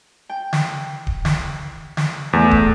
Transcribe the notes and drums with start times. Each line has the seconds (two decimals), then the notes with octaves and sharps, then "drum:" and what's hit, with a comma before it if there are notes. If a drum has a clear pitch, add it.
0.29 G5
0.53 drum: snare
1.07 drum: kick D1
1.25 drum: snare
1.97 drum: snare
2.33 E2 A2
2.51 drum: kick D1